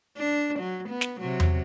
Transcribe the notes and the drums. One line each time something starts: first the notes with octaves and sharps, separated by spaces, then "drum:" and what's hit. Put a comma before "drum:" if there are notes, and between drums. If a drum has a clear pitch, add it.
D4
F#3
B3
drum: snare
C3 F#3
drum: tom E2